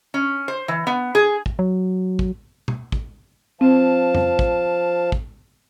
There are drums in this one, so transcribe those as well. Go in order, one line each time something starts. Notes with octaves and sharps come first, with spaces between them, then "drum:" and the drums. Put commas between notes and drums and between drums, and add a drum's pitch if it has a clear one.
C#4
C5
E3
B3
G#4
drum: kick
F#3
drum: kick
drum: tom B2
drum: kick
F3 C4 F5 A5
drum: tom F2
drum: kick
drum: kick